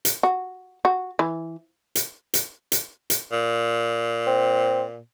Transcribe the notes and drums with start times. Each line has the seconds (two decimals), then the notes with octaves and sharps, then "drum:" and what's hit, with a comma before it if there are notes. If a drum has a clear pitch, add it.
0.05 drum: hi-hat
0.23 F#4
0.85 F#4
1.19 E3
1.95 drum: hi-hat
2.34 drum: hi-hat
2.72 drum: hi-hat
3.10 drum: hi-hat
3.33 A#2
4.27 C4